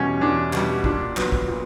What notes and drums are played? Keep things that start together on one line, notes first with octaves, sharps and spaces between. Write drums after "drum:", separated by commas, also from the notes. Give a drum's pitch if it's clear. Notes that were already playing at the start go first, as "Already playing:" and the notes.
Already playing: E2 B2 G3 C#4
E2 D4
B2 G3, drum: clap
A#2 D4, drum: kick
F#3 B3, drum: clap
drum: kick
A#2